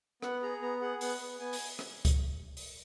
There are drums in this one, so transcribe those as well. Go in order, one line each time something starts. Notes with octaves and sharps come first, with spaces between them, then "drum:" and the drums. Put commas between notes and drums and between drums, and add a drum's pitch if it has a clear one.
B3 F#5, drum: rim click
G#4 A#5
B3 A#5
G#4 F#5
B3 F#5, drum: open hi-hat
B3
B3 G#5
drum: open hi-hat
drum: rim click
drum: kick C#2, hi-hat
drum: open hi-hat